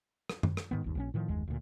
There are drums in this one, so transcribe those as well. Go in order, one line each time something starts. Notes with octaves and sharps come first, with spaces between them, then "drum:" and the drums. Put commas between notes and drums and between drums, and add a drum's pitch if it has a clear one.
drum: rim click
drum: tom F#2
drum: rim click
G#2 D#3 B3
G1 D#2
A#1 F3 C#4
A2 D#3 F3
F#1 D#2 G#3
D2 A#2